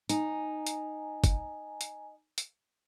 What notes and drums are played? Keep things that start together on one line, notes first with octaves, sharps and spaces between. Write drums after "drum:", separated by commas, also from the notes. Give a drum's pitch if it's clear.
D#4 G#5 A#5, drum: hi-hat
drum: hi-hat
drum: kick, hi-hat
drum: hi-hat
drum: hi-hat